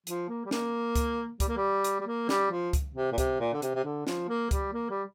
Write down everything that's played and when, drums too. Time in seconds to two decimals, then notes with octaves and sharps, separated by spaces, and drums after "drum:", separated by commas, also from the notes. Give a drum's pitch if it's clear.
0.07 F3, drum: hi-hat
0.29 A#3
0.46 G3
0.51 A#3, drum: snare
0.95 drum: kick C#2, hi-hat
1.40 G3, drum: kick C#2, hi-hat
1.48 A#3
1.57 G3
1.84 drum: hi-hat
2.01 G3
2.07 A#3
2.29 G3, drum: snare
2.51 F3
2.73 drum: kick C#2, hi-hat
2.95 C3
3.12 A#2
3.18 C3, drum: kick C#2, hi-hat
3.40 A#2
3.53 D3
3.62 C3, drum: hi-hat
3.75 C3
3.85 D3
4.07 F3, drum: snare
4.29 A#3
4.51 G3, drum: kick C#2, hi-hat
4.73 A#3
4.90 G3